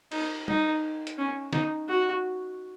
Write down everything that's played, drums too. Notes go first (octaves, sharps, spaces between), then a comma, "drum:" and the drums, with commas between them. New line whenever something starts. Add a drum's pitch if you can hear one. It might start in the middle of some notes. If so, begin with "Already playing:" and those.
D#4, drum: cymbal
D#4, drum: tom
drum: hi-hat
C#4
D#4, drum: snare
F#4